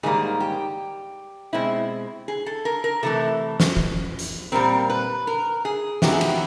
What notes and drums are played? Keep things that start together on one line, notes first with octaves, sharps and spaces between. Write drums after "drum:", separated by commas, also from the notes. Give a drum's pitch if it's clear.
G#2 D#3 G3 A#3 G#4
G4
B2 G#3 C4 E4
G#4
A4
A#4
A#4
C3 E3 A3 A4
drum: snare
drum: kick
drum: hi-hat
A#2 G3 C4 A#4
B4
A#4
G#4
D#3 F#3 B3 E4 G4, drum: snare
G#4
G4, drum: cymbal